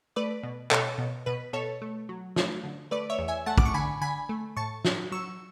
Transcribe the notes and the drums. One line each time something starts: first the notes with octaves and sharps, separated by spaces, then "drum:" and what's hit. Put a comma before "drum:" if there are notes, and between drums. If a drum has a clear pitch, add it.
A3 B4 D5
B2
B2 A4 C#5, drum: clap
B2
B2 B4
B2 A4 C#5
A3
F#3
A3, drum: snare
D3
A3 B4 D5
C#5 E5
E2
E5 G#5
A3 F#5 A5
D6, drum: kick
C#6
D3 G#5 B5
D3 G#5 B5
A3
A2 A5 C#6
F#3, drum: snare
F#3 C#6 E6